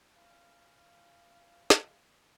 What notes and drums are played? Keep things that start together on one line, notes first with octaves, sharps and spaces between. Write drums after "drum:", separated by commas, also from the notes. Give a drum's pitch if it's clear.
E3 C#4 F5
drum: snare